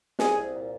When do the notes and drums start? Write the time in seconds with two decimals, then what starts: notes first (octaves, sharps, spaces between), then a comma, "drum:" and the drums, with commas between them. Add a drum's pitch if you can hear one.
0.19 C2 G#4, drum: snare
0.37 C2
0.54 A#2